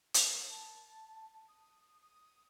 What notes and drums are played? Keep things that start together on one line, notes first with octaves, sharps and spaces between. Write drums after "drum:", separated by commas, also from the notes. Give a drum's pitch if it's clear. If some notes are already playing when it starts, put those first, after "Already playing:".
A#4, drum: hi-hat
A5
D#6
D#6